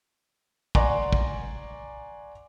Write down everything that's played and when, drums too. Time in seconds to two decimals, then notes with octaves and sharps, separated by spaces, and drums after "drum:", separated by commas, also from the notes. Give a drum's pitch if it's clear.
0.75 D5 F#5 G#5 A#5 C6 C#6, drum: kick
1.13 drum: kick